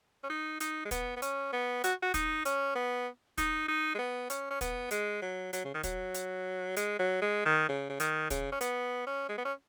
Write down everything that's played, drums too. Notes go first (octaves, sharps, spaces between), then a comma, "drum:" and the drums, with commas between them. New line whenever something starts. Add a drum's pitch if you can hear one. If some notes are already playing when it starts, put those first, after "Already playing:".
C#4
D#4
D#4, drum: hi-hat
G#3
B3, drum: kick, hi-hat
B3
C#4, drum: hi-hat
B3
F#4, drum: hi-hat
F#4
D#4, drum: kick, hi-hat
C#4, drum: hi-hat
B3
D#4, drum: kick, hi-hat
D#4
G#3
B3
C#4, drum: hi-hat
C#4
B3, drum: kick, hi-hat
G#3, drum: hi-hat
F#3
F#3, drum: hi-hat
C#3
D#3
F#3, drum: kick, hi-hat
drum: hi-hat
G#3, drum: hi-hat
F#3
G#3
D#3
C#3
C#3
D#3, drum: hi-hat
C#3, drum: kick, hi-hat
C#4
B3, drum: hi-hat
C#4
G#3
B3
C#4